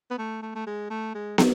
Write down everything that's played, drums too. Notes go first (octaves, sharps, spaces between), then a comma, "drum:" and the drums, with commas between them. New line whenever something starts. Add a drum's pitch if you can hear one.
B3
A3
A3
A3
G#3
A3
G#3
F#3, drum: snare